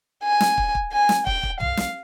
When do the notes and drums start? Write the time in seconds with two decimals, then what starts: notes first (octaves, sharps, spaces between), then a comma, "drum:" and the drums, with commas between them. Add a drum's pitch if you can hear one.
0.24 G#5
0.41 drum: snare
0.58 drum: kick
0.75 drum: kick
0.92 G#5
1.09 drum: snare
1.27 G5, drum: kick
1.43 drum: kick
1.60 F5, drum: tom
1.77 drum: snare